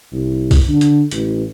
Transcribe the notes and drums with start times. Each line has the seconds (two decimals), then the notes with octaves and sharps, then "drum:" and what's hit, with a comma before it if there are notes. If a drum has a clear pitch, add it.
0.13 C2
0.51 drum: kick C2, open hi-hat
0.68 D3
0.81 drum: hi-hat
1.11 A1, drum: hi-hat